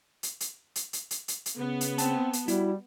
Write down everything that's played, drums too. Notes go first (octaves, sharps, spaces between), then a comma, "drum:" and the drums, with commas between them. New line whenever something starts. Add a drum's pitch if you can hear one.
drum: hi-hat
drum: hi-hat
drum: hi-hat
drum: hi-hat
drum: hi-hat
drum: hi-hat
drum: hi-hat
C#3 B3
drum: hi-hat
C4 A5, drum: hi-hat
drum: hi-hat
G3 E4 F#4, drum: hi-hat